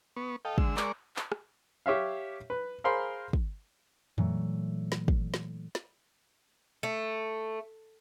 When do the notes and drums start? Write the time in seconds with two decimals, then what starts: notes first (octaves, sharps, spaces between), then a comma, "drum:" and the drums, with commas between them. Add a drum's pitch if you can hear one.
0.16 B3 C#6
0.45 A4 D#5 F5 G5
0.58 D3 G#3 E6, drum: kick
0.77 G#3 A#4 D5 C#6 D6, drum: clap
1.16 drum: clap
1.32 drum: rim click
1.86 G4 C#5 E5 F5
2.50 B4
2.84 G#4 A#4 C5 F5 B5 C6
3.33 drum: kick
4.18 A#2 E3 F#3 A3, drum: tom F2
4.92 drum: snare
5.08 drum: kick
5.34 drum: snare
5.75 drum: snare
6.83 A3